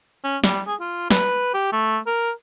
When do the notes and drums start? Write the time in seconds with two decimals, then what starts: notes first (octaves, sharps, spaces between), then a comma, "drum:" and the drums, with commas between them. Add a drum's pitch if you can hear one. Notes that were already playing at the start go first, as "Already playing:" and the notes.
0.24 C#4
0.44 G3, drum: snare
0.67 G#4
0.80 F4
1.11 B4, drum: snare
1.54 G4
1.72 A3
2.07 A#4